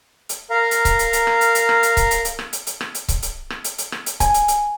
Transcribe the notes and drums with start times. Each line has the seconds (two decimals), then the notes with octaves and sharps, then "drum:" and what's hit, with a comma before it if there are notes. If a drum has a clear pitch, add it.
0.29 drum: hi-hat
0.50 A#4 F5 A#5
0.71 drum: hi-hat
0.85 drum: kick C#1, hi-hat
0.99 drum: hi-hat
1.13 drum: hi-hat
1.27 drum: rim click
1.41 drum: hi-hat
1.55 drum: hi-hat
1.69 drum: rim click
1.83 drum: hi-hat
1.97 drum: kick C#1, hi-hat
2.11 drum: hi-hat
2.25 drum: hi-hat
2.39 drum: rim click
2.53 drum: hi-hat
2.67 drum: hi-hat
2.81 drum: rim click
2.95 drum: hi-hat
3.08 drum: kick C#1, hi-hat
3.22 drum: hi-hat
3.50 drum: rim click
3.64 drum: hi-hat
3.78 drum: hi-hat
3.92 drum: rim click
4.06 drum: hi-hat
4.20 G#5, drum: kick C#1, hi-hat
4.34 drum: hi-hat
4.48 drum: hi-hat